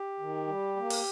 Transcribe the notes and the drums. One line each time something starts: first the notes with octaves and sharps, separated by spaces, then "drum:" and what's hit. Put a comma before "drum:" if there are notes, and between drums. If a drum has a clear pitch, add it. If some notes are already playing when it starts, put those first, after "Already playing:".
Already playing: G4
D#3
G3
A#3
drum: open hi-hat